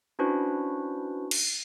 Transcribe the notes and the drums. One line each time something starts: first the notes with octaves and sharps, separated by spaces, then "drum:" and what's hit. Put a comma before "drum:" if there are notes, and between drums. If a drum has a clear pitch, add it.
C#4 D4 E4 F#4 B4 C5
drum: cymbal